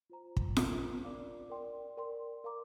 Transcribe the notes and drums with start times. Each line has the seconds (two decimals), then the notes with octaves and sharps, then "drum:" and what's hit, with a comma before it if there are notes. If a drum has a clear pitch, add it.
0.10 F4 C5 A#5
0.37 drum: kick
0.57 F4 A#4 F5, drum: snare F4
1.04 D4 A#4 D5 F5 D6
1.50 A#4 D5 G5 C6
1.97 A#4 D5 G5 C6
2.44 A#4 F5 A#5 D6